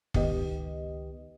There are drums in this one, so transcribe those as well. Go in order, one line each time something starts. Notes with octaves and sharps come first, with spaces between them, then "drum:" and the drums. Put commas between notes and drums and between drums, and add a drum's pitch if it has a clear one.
C#2 D#3 B3 G4 D#5, drum: kick